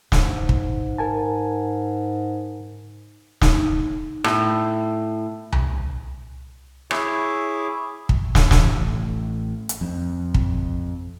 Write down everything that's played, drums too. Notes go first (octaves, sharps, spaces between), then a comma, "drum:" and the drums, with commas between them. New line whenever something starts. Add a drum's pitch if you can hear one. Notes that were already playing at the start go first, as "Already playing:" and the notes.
G#2, drum: snare
drum: kick
A#4 G#5 A5
D#4, drum: snare
A2, drum: rim click
drum: tom C2
E4 G#4 C#5 E5 D6, drum: rim click
drum: kick
drum: snare
A1, drum: snare
drum: hi-hat
F2
drum: kick